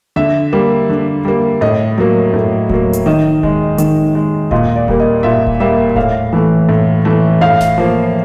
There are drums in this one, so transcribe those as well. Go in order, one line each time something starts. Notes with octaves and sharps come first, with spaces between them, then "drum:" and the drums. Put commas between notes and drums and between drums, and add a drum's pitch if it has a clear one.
D3 E5
G3 A#3
D3
G3 A#3
A2 D#5
F#3 A#3
A2
F#3 A#3, drum: kick D#1
drum: hi-hat
D#3 D#5
G#3, drum: kick D#1
D#3, drum: hi-hat
G#3
A#2 D#5, drum: kick D#1
D5
G3 A#3, drum: kick D#1
D#5
A#2 E5
drum: kick D#1
G3 A#3 E5
A2 F5, drum: kick D#1
E3 A3
A2
E3 A3
A2 F5
drum: snare E1
F3 A#3